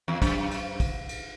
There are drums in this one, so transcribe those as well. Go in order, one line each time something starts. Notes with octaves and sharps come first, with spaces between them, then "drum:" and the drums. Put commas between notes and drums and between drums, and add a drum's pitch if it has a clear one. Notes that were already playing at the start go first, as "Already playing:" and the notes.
E2
F#2, drum: kick, cymbal
drum: cymbal
drum: kick, cymbal
drum: cymbal